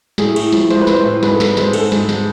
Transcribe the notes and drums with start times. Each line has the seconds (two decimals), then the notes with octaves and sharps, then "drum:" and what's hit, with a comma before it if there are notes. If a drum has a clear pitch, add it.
0.18 A2 G#4, drum: snare
0.36 A2, drum: cymbal
0.53 F3, drum: snare
0.70 G#3 C5, drum: snare
0.81 B4
0.87 A2, drum: snare
0.93 C5
1.05 A2
1.23 G#2 B4, drum: snare
1.35 A4
1.40 G#3, drum: snare
1.48 B4
1.57 G#3 C5, drum: snare
1.73 G#2 A4, drum: cymbal
1.92 G#2, drum: snare
2.09 G#3, drum: snare